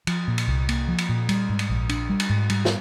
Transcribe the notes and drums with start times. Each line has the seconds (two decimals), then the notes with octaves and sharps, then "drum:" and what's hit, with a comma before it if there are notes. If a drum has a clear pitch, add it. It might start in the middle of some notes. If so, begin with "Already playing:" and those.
0.07 F3, drum: cymbal
0.28 A#2
0.38 drum: cymbal
0.48 C2
0.69 A#3, drum: cymbal
0.88 F3
0.98 drum: cymbal
1.09 A#2
1.29 G3, drum: cymbal
1.49 G#2
1.59 drum: cymbal
1.69 A#1
1.89 D4, drum: cymbal
2.10 G3
2.20 drum: cymbal
2.30 G#2
2.50 G3, drum: cymbal
2.65 drum: snare